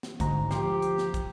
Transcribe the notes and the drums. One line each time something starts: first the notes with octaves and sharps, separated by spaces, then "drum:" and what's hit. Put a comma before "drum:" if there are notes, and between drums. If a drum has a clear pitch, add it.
drum: snare
D2 G#2 A#5, drum: kick, hi-hat
F3 G4, drum: snare
drum: hi-hat
drum: snare
drum: kick, hi-hat